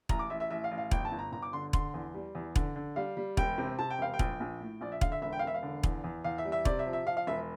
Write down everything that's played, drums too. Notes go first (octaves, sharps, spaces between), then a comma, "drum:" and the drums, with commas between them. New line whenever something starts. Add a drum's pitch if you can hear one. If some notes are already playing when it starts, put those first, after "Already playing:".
A1 A#5, drum: kick E1
D6
A1 E5
E5
A1 E5
F5
A1
F5
G1 G5, drum: kick E1
A5
G1
A#5
G1 A#5
D6
D3 C6
D3 C6, drum: kick E1
E2
G3
E2
D3, drum: kick E1
D3
G3 F5
G3
E1 G5, drum: kick E1
C3
C3 A5
G5
E1 F5
G5
A#1, drum: kick E1
A#1
A2
A#1 D5
E5
D3 F5, drum: kick E1
E5
E1 E5
G5
F5
E1 E5
F5
D3
E2, drum: kick E1
E2
E2 F5
E5
G3
E5
C3 D5, drum: kick E1
E5
F3
E5
F3 F5
F5
E1 E5